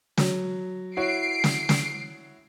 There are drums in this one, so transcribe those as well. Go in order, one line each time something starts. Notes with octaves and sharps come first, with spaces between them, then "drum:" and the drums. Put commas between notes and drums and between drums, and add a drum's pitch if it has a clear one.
F#3, drum: snare
E4 F#4 C#5 C7 D7
drum: snare
drum: snare